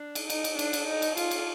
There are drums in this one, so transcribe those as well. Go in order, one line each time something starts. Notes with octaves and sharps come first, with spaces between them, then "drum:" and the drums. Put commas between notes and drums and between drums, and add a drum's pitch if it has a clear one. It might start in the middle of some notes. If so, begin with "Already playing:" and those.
Already playing: D4
drum: cymbal
D#4, drum: cymbal
drum: cymbal
D4, drum: cymbal
drum: cymbal
D#4
drum: cymbal
F4, drum: cymbal
drum: cymbal